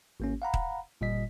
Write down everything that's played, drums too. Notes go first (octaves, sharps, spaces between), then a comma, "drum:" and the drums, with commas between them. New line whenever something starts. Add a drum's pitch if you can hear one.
G#1 A#3 C#4
F5 F#5 A#5 B5
drum: kick D#1
G1 A#2 G3 D#5 B6